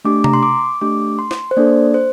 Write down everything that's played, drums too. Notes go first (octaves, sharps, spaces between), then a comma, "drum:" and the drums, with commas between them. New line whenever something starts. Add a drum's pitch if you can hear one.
A3 D4 G4 D6
A#5, drum: tom C3
C6
D6
A3 D4 G4 D6
C6
drum: snare
C5
A#3 D4 A4 D5
C5